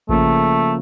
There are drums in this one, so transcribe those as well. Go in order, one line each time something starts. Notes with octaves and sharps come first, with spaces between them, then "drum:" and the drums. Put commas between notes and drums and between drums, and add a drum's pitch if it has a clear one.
C#3 F3 A3 A#3, drum: kick A1